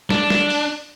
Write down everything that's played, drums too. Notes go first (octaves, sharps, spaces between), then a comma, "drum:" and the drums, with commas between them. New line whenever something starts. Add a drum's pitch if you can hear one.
D4, drum: snare
drum: snare
drum: open hi-hat